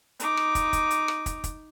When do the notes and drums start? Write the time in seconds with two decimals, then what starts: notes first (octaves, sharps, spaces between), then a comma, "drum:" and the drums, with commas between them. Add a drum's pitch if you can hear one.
0.20 D#4 D6, drum: hi-hat
0.37 drum: rim click
0.55 drum: kick, hi-hat
0.73 drum: kick, hi-hat
0.90 drum: hi-hat
1.08 drum: rim click
1.26 drum: kick, hi-hat
1.44 drum: kick, hi-hat